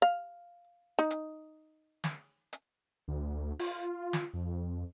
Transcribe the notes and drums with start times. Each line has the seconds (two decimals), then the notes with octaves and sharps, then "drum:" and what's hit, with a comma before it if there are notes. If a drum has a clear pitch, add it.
0.02 F5
0.99 D#4
1.10 drum: hi-hat
2.04 drum: snare
2.53 drum: hi-hat
3.08 D2
3.59 F4, drum: open hi-hat
4.13 drum: snare
4.34 F2